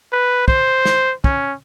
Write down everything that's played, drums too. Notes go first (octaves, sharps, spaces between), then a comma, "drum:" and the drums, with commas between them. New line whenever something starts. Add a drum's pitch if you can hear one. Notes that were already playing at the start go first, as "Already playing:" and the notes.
B4
C5, drum: kick
drum: snare
C#4, drum: kick